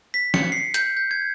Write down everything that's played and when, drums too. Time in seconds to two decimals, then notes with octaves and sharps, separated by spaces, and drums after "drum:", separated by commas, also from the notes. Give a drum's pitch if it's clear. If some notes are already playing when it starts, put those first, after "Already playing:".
0.14 B6
0.34 C#7, drum: snare
0.52 C7
0.74 G6, drum: hi-hat
0.97 G6
1.11 G#6